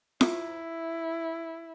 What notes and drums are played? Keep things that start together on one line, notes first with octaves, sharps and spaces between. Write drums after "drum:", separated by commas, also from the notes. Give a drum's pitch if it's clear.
E4, drum: snare F4